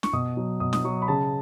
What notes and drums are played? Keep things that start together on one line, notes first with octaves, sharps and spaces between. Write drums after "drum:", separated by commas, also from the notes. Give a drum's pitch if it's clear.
C#6, drum: snare
B2 D#6
F#3
B2 D#6
D#6, drum: snare
F#3 C#6
B5
C#3 A5